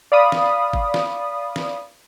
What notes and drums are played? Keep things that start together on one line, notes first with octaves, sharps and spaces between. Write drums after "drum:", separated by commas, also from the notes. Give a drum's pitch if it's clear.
D5 F5 B5 D#6
drum: snare
drum: kick G1
drum: snare
drum: snare